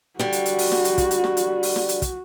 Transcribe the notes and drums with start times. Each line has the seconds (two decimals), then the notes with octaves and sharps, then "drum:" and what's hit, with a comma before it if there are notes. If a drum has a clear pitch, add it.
0.19 D3 G3 F#4, drum: snare
0.33 drum: hi-hat
0.46 drum: hi-hat
0.59 drum: open hi-hat
0.72 drum: snare
0.85 drum: hi-hat
0.98 drum: kick, hi-hat
1.11 drum: hi-hat
1.24 drum: snare
1.37 drum: hi-hat
1.63 drum: open hi-hat
1.76 drum: snare
1.89 drum: hi-hat
2.02 drum: kick, hi-hat